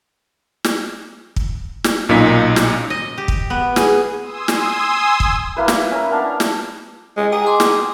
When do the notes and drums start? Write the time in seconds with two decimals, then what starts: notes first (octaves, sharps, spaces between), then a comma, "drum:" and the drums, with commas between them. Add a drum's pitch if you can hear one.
0.64 drum: snare
1.36 drum: kick
1.84 drum: snare
2.09 B1 A#2 C#4 D#4 B6
2.56 drum: snare
2.90 D#5
3.18 G4
3.28 drum: kick
3.50 B3
3.76 G#4, drum: snare
4.20 G#5 C6 D#6 E6
4.48 drum: snare
5.20 drum: kick
5.57 A#3 E4 B4
5.68 drum: snare
5.91 C#4 A#4
6.11 B3 D4 F5
6.40 drum: snare
7.17 G#3
7.32 G#4 D#5 G5 A#5
7.46 G#5 C6 D6
7.60 drum: snare